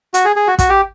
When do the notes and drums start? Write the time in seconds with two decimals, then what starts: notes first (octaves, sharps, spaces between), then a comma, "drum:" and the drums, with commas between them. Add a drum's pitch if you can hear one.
0.14 F#4, drum: hi-hat
0.25 G#4
0.36 G#4
0.47 F#4
0.59 F#4, drum: kick, hi-hat
0.70 G4